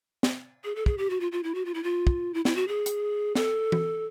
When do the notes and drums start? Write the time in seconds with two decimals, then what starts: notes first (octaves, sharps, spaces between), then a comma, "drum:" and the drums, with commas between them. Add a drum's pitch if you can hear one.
0.23 drum: snare
0.64 G#4
0.76 A4
0.86 G#4, drum: kick
0.98 G4
1.10 F#4
1.20 F4
1.32 F4
1.43 E4
1.55 F#4
1.65 F4
1.74 E4
1.84 F4
2.07 drum: kick
2.34 E4
2.45 E4, drum: snare
2.56 F#4
2.68 G#4
2.86 drum: hi-hat
3.35 A4, drum: snare
3.72 drum: tom E3